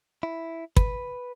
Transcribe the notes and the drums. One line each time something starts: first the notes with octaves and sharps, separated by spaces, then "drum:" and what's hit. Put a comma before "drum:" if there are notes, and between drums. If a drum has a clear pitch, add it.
E4
B4, drum: kick